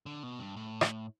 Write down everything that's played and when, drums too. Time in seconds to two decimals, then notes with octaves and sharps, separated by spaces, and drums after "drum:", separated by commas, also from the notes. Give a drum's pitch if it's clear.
0.06 D3
0.23 B2
0.39 G2
0.56 A2
0.81 drum: rim click